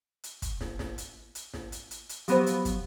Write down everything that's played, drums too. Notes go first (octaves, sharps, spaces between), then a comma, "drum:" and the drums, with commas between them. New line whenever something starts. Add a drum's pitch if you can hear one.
drum: hi-hat
drum: kick, hi-hat
drum: snare
drum: snare
drum: hi-hat
drum: hi-hat
drum: snare
drum: hi-hat
drum: hi-hat
drum: hi-hat
F3 F#3 B3 G4 C5, drum: hi-hat
drum: hi-hat
drum: kick, hi-hat